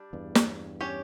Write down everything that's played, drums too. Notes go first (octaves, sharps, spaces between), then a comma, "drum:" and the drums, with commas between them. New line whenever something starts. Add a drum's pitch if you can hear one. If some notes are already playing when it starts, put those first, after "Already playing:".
Already playing: G3 D4
E2 G2
drum: snare
C#4 G4 C#5